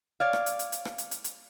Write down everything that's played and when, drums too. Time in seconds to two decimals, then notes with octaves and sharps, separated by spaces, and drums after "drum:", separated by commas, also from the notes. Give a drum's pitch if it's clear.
0.20 C#5 D5 F5
0.33 drum: rim click
0.46 drum: hi-hat
0.59 drum: hi-hat
0.72 drum: hi-hat
0.85 drum: rim click
0.98 drum: hi-hat
1.11 drum: hi-hat
1.24 drum: hi-hat